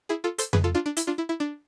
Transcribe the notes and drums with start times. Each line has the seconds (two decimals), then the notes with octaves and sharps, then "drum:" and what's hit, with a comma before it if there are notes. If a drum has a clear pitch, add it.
0.09 E4 G#4
0.24 F4 A4
0.38 A4 C5, drum: hi-hat
0.53 G#4 B4, drum: tom F2
0.64 F4 A4
0.75 D4 F4
0.86 D4
0.97 E4, drum: hi-hat
1.07 D4 F4
1.18 E4
1.29 E4
1.40 D4